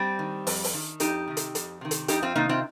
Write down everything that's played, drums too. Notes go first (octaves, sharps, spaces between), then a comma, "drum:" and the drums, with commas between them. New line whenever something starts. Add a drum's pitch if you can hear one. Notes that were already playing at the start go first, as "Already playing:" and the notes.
Already playing: G3 C4
D#3
F2, drum: open hi-hat
drum: open hi-hat
D#3
F2 D#4 G4, drum: hi-hat
C3 D#3
drum: hi-hat
F2, drum: hi-hat
C3 D#3
drum: hi-hat
F2 D#4 G4, drum: hi-hat
C4 F4
C3 D#3 A#3 D#4
C4 F4